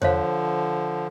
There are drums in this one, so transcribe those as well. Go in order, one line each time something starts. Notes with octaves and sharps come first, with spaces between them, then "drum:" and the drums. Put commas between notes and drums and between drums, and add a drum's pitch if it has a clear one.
D3 F3 C5 C#5 F5, drum: tom E2